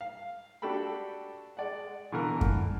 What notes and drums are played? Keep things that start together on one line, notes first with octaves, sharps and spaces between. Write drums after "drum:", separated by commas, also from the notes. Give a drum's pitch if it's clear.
F5
D4 F#4 G4 A4 G5 B5
G#3 D5 F#5
B2 D3 E3 F4 A#4
drum: kick F#2